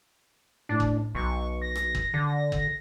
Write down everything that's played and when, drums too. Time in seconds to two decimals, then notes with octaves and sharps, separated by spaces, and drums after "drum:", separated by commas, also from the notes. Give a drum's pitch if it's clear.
0.69 A2 D4
0.80 drum: kick G1
1.15 B1 C#6
1.62 A#6
1.76 drum: rim click
1.95 drum: kick G1
2.14 D3
2.52 drum: kick G1